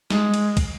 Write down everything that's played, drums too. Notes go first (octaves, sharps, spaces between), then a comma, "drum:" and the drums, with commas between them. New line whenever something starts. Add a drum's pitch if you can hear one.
G#3, drum: snare
drum: cymbal
drum: kick, cymbal